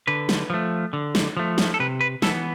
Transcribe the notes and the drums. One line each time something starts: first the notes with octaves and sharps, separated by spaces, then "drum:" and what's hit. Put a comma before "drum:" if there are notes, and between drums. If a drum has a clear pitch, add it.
D3 B4
drum: snare
F3 A3
D3
drum: snare
F3 A3
drum: snare
A4
C3 B4
B4
E3 B3 A4, drum: snare